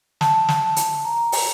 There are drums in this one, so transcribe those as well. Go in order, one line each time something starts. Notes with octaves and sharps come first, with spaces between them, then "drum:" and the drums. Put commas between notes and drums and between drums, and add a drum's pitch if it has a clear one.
A5, drum: snare
drum: snare
A5
drum: hi-hat
A#5
drum: open hi-hat